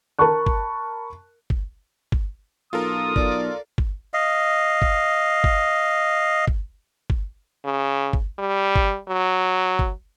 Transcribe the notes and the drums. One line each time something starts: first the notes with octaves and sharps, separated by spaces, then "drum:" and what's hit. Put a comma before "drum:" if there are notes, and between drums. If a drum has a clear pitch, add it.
A#4 A5 B5 C#6 F#6
drum: kick G1
drum: kick G1
drum: kick G1
B1 F4 A4 A#4 D#6
B1 D5, drum: kick G1
drum: kick G1
D#5 F5
drum: kick G1
drum: kick G1
drum: kick G1
drum: kick G1
C#3
drum: kick G1
G3
drum: kick G1
F#3
drum: kick G1